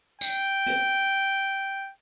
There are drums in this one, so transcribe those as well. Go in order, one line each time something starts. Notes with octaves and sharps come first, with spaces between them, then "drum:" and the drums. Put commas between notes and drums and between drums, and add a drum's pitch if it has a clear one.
G5, drum: tambourine
drum: hi-hat